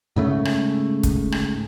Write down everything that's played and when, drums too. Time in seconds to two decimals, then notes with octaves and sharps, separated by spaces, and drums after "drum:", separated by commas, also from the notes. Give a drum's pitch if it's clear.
0.16 G#2 C#3 A3
0.45 drum: rim click
1.03 drum: kick, hi-hat
1.32 drum: rim click